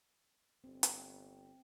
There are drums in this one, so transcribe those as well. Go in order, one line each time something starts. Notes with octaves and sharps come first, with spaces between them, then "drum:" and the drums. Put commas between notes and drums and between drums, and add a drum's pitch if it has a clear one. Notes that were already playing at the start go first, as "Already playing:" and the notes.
G1 C4
drum: hi-hat